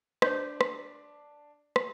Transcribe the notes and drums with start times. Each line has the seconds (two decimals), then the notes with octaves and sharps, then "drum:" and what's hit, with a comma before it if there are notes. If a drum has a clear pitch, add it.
0.22 D4 C5 G6, drum: rim click
0.61 drum: rim click
1.76 drum: rim click